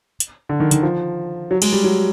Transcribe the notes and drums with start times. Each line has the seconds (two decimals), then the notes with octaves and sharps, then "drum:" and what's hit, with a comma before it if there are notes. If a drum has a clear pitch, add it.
0.20 drum: hi-hat
0.49 D3
0.60 D#3
0.71 D#3, drum: hi-hat
0.83 F3
1.51 F#3
1.62 G#3, drum: cymbal
1.73 G3
1.84 F#3